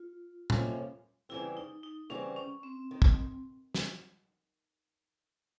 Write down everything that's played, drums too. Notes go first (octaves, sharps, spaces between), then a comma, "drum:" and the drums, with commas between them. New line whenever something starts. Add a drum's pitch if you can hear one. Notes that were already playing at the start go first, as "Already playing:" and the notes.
Already playing: F4
F2 C3 F3 A#3 C#4, drum: tom
E2 C#3 E3 G3 C4 E4
D#4
D#4
E2 C#3 E3 G3 C4 C#4
C#4
C4
D#3
drum: kick
drum: snare